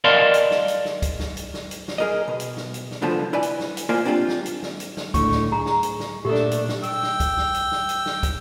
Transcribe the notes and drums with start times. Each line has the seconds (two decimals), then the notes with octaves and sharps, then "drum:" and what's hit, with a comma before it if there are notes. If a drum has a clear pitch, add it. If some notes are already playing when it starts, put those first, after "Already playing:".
0.04 A#4 D5 D#5 F5 A5 C6
0.34 drum: hi-hat
0.51 drum: snare
0.68 drum: hi-hat
0.85 drum: snare
1.02 drum: kick, hi-hat
1.19 drum: snare
1.37 drum: hi-hat
1.54 drum: snare
1.71 drum: hi-hat
1.88 drum: snare
1.98 G#4 A#4 D#5
2.28 B2
2.40 drum: hi-hat
2.57 drum: snare
2.74 drum: hi-hat
2.91 drum: snare
3.02 C2 D3 F3 B3 F4 A5
3.33 E4 B4 D5 G#5
3.43 drum: hi-hat
3.60 drum: snare
3.77 drum: hi-hat
3.89 A#3 F4 A#4 C5 D5 G#5
4.05 C4 D4 F4 G4
4.28 drum: snare
4.46 drum: hi-hat
4.63 drum: snare
4.80 drum: hi-hat
4.97 drum: snare
5.14 A2 D3 C#6, drum: kick, hi-hat
5.31 drum: snare
5.52 G#4 A#5
5.66 drum: snare
5.83 drum: hi-hat
6.00 drum: snare
6.25 A#2 A3 D4 G4 A4
6.34 drum: snare
6.51 drum: hi-hat
6.69 drum: snare
6.83 G5 E6, drum: hi-hat
7.03 drum: snare
7.20 drum: kick, hi-hat
7.37 drum: snare
7.54 drum: hi-hat
7.72 drum: snare
7.89 drum: hi-hat
8.06 drum: snare
8.23 drum: kick, hi-hat